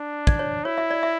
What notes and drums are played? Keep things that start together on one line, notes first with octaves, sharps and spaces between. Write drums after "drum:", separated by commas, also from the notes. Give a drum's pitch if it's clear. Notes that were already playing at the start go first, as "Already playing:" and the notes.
Already playing: D4
D5, drum: kick
C#5
E4 C#5
E5
D5
E5